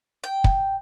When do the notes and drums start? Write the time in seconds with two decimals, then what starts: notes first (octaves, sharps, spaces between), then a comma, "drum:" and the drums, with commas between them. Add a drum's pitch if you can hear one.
0.24 G5
0.44 drum: kick